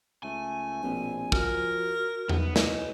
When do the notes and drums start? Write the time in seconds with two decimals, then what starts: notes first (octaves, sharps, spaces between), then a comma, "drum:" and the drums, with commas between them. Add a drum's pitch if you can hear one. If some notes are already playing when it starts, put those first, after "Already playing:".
0.23 C#2 A3 G#5
0.83 A#1 B2 C4
1.32 F3 F#4 A#4, drum: kick
2.29 B1 B3, drum: tom E2
2.56 G#3 E4 B4 C#5, drum: snare